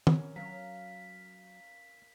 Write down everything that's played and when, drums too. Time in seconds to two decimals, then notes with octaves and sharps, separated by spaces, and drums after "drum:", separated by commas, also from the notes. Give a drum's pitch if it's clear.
0.07 C#4 A#4, drum: tom
0.36 F#3 A#4 F5 A#5 B6